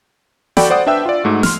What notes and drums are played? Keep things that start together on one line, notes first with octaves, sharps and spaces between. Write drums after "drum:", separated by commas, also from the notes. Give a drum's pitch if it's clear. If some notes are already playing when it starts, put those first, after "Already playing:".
F#4 A4 D5 G5 B5 D6, drum: snare
C5 D5 F#5 D#6
D4 B4 E5 G5 E6
F4 D5
G#2 A3 F#4
C6 F6, drum: snare